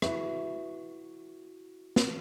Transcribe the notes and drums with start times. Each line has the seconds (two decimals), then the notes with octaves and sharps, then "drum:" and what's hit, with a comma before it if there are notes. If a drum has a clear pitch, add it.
0.02 E4 F#4 B4 E5, drum: rim click
1.96 drum: snare